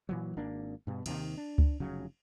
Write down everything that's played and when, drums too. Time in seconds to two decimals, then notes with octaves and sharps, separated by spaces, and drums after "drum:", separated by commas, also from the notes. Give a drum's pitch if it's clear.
0.09 A#2 E3 F#3
0.37 G#1 A#3 D4
0.87 G2 B2
1.06 D#2 C3 D#3, drum: cymbal
1.37 D4
1.58 drum: kick C#2
1.80 F1 C#3 F#3